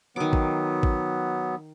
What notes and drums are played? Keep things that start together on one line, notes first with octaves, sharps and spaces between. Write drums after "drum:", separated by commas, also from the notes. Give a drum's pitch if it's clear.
D#3 F#3 B3 D6
drum: kick G#1
drum: kick G#1